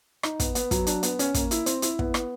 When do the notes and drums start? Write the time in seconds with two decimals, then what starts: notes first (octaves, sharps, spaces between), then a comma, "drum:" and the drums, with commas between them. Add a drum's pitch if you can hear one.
0.23 D#4, drum: rim click
0.40 B3, drum: kick, hi-hat
0.55 B3, drum: hi-hat
0.71 F#3, drum: kick, hi-hat
0.87 D4, drum: hi-hat
1.03 B3, drum: hi-hat
1.19 C#4, drum: hi-hat
1.34 A#3, drum: kick, hi-hat
1.51 E4, drum: hi-hat
1.66 C4, drum: hi-hat
1.82 E4, drum: hi-hat
1.99 B3, drum: kick
2.14 B3, drum: rim click